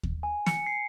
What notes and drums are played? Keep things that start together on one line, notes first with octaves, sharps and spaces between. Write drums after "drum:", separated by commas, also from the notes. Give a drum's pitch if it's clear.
drum: kick D#2
G#5
C#7, drum: snare
C7